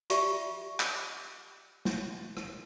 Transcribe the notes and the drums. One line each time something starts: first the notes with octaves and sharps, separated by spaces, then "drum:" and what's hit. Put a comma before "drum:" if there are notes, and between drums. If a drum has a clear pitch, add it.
F4 G4 D5 E5 C#6, drum: hi-hat
drum: clap
drum: snare
drum: rim click